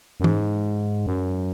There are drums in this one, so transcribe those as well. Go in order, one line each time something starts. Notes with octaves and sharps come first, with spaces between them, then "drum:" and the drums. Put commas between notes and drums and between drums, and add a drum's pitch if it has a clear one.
F#2
G#2, drum: tom E3
F#2